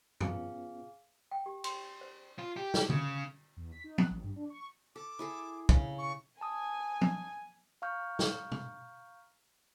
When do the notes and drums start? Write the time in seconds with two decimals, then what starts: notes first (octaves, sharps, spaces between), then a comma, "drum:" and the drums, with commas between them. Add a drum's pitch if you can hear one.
0.21 B3 C#4 F4 G#4 F5, drum: tom F#2
1.31 G5
1.46 G4
1.64 C6, drum: cymbal
2.01 C5
2.39 F4
2.57 G4
2.74 drum: snare
2.90 C#3, drum: tom
3.57 E2
3.72 B6
3.84 D#4
3.98 F#6, drum: tom
4.10 A1
4.23 G2
4.36 D4
4.50 C#6
4.96 A4 D6
5.19 E4 G#4 A4
5.69 C#3, drum: kick
5.98 C#6
6.41 G#5 A5 D#6
7.01 drum: tom
7.82 F5 A#5 C#6 F6 G6
8.19 drum: snare
8.52 drum: tom